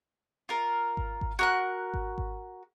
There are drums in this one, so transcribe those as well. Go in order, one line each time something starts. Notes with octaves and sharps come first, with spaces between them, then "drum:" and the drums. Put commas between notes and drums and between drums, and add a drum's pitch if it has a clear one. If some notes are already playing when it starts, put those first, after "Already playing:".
F4 A#4
drum: kick G#1
drum: kick G#1
F#4 A#4 F#6
drum: kick G#1
drum: kick G#1